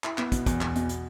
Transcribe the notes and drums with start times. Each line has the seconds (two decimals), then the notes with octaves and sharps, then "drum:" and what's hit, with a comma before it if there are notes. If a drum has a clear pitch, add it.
0.04 E4, drum: clap
0.18 B3, drum: clap
0.32 B2, drum: kick, hi-hat
0.46 E2, drum: kick, hi-hat
0.61 E2, drum: clap
0.76 B2, drum: hi-hat
0.89 drum: hi-hat